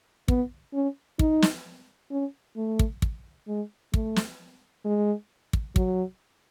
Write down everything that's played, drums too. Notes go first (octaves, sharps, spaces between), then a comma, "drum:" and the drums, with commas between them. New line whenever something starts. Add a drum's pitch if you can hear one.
B3, drum: kick
C#4
D#4, drum: kick
drum: snare
C#4
A3
drum: kick
drum: kick
G#3
A3, drum: kick
drum: snare
G#3
drum: kick
F#3, drum: kick